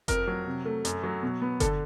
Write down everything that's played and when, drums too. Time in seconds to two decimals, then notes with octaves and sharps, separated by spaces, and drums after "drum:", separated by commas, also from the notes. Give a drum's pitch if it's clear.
0.08 F2 A#4, drum: kick F#1, hi-hat
0.27 F#3
0.46 C3
0.65 A3
0.85 F#2, drum: hi-hat
1.03 F#3
1.23 B2
1.42 B3
1.60 D3 A4, drum: kick F#1, hi-hat